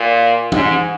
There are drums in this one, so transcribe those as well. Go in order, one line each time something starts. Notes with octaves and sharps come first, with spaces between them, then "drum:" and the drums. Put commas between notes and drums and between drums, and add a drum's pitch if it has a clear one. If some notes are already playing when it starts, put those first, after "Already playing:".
Already playing: A#2
G#2, drum: tom